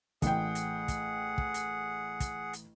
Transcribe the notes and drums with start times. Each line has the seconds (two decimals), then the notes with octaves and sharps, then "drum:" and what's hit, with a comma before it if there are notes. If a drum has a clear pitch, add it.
0.22 A1 G#4 F#5 G5, drum: kick, hi-hat
0.55 drum: hi-hat
0.88 drum: kick, hi-hat
1.38 drum: kick
1.54 drum: hi-hat
2.20 drum: kick, hi-hat
2.53 drum: hi-hat